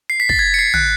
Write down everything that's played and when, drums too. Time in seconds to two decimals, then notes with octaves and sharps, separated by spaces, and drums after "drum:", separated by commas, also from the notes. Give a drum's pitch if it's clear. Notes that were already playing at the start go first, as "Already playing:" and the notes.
0.10 C7
0.20 B6
0.29 A6, drum: kick
0.39 G#6
0.54 C#7
0.59 C7
0.74 F#6, drum: tom